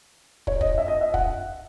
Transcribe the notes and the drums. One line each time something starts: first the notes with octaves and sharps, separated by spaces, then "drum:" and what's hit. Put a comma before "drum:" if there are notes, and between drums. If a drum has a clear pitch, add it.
C#5, drum: kick
D#5, drum: kick
E5
D#5
E5
F#5, drum: kick